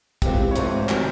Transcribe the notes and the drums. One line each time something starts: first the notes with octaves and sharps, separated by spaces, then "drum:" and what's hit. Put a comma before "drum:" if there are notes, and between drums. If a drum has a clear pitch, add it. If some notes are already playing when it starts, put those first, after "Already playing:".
C3 E3 G#3 C4 F4 G4, drum: kick, hi-hat
C#5
G#2 F3 A3 C4 C5, drum: hi-hat
C3 D#3 F#3, drum: clap